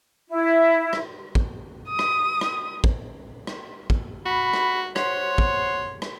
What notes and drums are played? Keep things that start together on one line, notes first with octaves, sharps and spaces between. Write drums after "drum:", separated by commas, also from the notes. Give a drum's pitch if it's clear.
E4
drum: rim click
drum: kick
D#6
drum: rim click
drum: rim click
drum: kick
drum: rim click
drum: kick
F#4 B5
drum: rim click
C5 C#5 F#5 C6, drum: rim click
drum: kick
drum: rim click